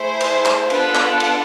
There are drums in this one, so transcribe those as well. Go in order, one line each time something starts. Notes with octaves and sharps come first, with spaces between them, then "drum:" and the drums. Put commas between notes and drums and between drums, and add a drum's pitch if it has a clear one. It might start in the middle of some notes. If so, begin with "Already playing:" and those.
Already playing: A3 E4 G#4 C5
drum: cymbal
drum: clap
B3 D4 F4 A4 B4, drum: cymbal
drum: clap
drum: cymbal